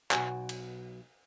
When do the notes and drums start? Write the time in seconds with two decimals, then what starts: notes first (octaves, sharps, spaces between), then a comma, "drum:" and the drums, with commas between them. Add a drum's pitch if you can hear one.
0.11 B1 B2 G#3 F#4 G#5, drum: clap
0.49 drum: cymbal